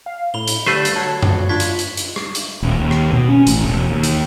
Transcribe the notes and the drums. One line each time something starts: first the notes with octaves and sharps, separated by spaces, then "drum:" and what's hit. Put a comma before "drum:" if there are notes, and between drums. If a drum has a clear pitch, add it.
F5
A2 B5 F7 G7
drum: hi-hat
D3 G3 A3 B4 C5 C7, drum: rim click
drum: hi-hat
F#3 A5
drum: tom F#2
D4 F4 C#6 G#6 B6
drum: hi-hat
drum: hi-hat
drum: hi-hat
drum: rim click
drum: hi-hat
D#1
D#2
drum: rim click
B2
C#4
A1, drum: hi-hat
E1
D#2
drum: hi-hat